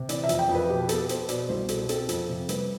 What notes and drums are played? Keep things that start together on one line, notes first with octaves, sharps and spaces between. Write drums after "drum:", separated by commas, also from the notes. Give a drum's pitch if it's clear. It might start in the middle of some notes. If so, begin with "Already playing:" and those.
Already playing: C3
E3 D5, drum: hi-hat
E5
F2, drum: hi-hat
G5
F2
B4
B2 G4
B3 A4, drum: hi-hat
B3 C5, drum: hi-hat
B2 D5, drum: hi-hat
C2 C5
B2 A4, drum: hi-hat
C4 A4, drum: hi-hat
F2, drum: hi-hat
C3
G3 B4, drum: hi-hat